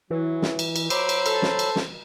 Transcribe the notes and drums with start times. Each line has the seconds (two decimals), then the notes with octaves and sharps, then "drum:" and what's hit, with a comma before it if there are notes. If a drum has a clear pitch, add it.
0.10 E3 F#3
0.42 drum: snare
0.59 drum: cymbal
0.76 drum: cymbal
0.90 F#3 C5 B5 D6 E6, drum: cymbal
1.09 drum: cymbal
1.26 A4, drum: cymbal
1.42 drum: snare
1.59 drum: cymbal
1.76 drum: snare